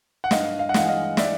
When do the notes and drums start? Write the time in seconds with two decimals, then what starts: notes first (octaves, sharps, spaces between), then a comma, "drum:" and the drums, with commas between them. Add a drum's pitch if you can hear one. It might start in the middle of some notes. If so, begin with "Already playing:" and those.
0.24 F#5
0.31 G2 D#5 F5, drum: snare
0.59 F5
0.69 F#5
0.74 E3 G#3 D#5 F5, drum: snare
0.88 D#5 F5
1.17 D5 E5, drum: snare